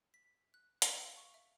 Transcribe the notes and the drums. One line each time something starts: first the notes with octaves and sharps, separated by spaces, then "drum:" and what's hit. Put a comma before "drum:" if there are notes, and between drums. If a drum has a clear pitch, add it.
B6
F#6
E6, drum: hi-hat
F5
C#6
E5